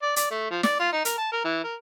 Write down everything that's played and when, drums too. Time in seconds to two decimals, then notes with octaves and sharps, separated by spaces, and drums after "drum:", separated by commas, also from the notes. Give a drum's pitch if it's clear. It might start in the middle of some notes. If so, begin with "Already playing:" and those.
0.02 D5
0.16 D5, drum: hi-hat
0.31 A3
0.50 F3
0.63 D5, drum: snare
0.79 F4
0.92 D#4
1.05 A#4, drum: hi-hat
1.18 A5
1.32 A#4
1.44 E3
1.64 A#4